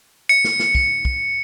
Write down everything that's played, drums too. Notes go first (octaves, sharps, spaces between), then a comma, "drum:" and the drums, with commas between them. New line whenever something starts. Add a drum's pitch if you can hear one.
C#7
drum: snare
drum: snare
drum: kick
drum: kick